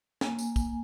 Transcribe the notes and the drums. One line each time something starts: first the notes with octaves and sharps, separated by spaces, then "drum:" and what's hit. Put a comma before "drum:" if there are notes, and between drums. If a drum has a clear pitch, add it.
A#3 G#5, drum: snare
drum: tambourine
drum: kick, tambourine